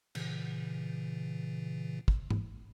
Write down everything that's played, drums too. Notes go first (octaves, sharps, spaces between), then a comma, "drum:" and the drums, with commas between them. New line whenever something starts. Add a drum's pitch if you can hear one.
A#2 C#3 E3, drum: cymbal
drum: kick
drum: tom G#2